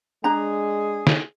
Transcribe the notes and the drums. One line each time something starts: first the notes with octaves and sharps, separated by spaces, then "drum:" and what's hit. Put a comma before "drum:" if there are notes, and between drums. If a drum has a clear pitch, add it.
G#3 D4 G#4 A#5
drum: snare